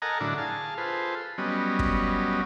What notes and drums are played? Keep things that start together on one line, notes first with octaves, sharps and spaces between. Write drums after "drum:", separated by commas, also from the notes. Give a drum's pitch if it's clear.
A4 A#4 D#5 F#5 G#5 A#5
A2 D3 F#3 D4 E4
G#4 F5 A5
F4 G#4 A4 B4 C5
F#3 G3 B3 C#4 D#5
drum: kick